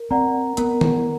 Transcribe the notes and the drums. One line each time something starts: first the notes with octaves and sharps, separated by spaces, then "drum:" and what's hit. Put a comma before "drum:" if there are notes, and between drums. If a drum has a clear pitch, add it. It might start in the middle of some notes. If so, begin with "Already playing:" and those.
Already playing: A#4
C4 D5 F#5 A#5
B3 A#4, drum: hi-hat
drum: tom D#3